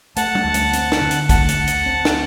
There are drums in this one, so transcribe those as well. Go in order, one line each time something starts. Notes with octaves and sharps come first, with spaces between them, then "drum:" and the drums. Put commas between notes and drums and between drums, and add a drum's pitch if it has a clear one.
A3 F#5 A5, drum: hi-hat
drum: tom
D2
drum: hi-hat
C4, drum: hi-hat
drum: snare
D3
drum: hi-hat
A3 F#5 A5, drum: kick, hi-hat
drum: hi-hat
D2
drum: hi-hat
C4
drum: snare